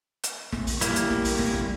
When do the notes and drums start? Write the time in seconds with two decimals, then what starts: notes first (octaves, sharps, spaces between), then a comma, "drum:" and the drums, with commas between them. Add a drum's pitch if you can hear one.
0.23 drum: hi-hat
0.52 drum: snare
0.67 drum: open hi-hat
0.81 G3 A#3 E4, drum: hi-hat
0.96 drum: hi-hat
1.10 drum: snare
1.25 drum: open hi-hat
1.39 drum: snare
1.53 drum: snare